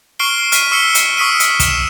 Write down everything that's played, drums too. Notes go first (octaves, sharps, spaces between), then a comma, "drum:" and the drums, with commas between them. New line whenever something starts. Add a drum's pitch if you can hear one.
C#6 F6 C7 D7 G7
F6 B6 C7 D#7, drum: hi-hat
C#6 E6 C7 C#7 G7
drum: hi-hat
C#6 D#6 B6 C#7 D#7
drum: hi-hat
E7, drum: kick, hi-hat